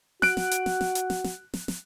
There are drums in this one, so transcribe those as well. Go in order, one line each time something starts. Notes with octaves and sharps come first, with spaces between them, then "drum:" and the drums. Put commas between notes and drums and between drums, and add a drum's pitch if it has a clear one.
F#4 F#6 D7, drum: snare
drum: snare
drum: hi-hat
drum: snare
drum: snare
drum: hi-hat
drum: snare
drum: snare
drum: snare
drum: snare